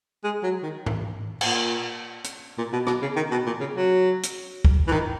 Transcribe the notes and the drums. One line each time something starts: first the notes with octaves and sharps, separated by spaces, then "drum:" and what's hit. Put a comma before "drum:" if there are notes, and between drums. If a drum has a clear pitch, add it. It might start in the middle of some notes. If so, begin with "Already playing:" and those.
G#3
F#3
D#3
drum: tom G#2
A#2, drum: cymbal
drum: hi-hat
A#2
B2
B2, drum: rim click
C#3
D#3
B2
A#2
C#3
F#3
drum: hi-hat
drum: kick
E3
D#3, drum: tom G#2